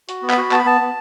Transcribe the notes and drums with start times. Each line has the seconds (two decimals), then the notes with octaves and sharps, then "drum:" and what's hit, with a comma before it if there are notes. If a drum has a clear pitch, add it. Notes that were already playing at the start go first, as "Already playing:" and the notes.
0.09 F#4, drum: hi-hat
0.22 B3
0.30 B5, drum: clap
0.37 F#4
0.51 B3 A5, drum: clap
0.59 B5
0.65 B3 A5
0.81 B3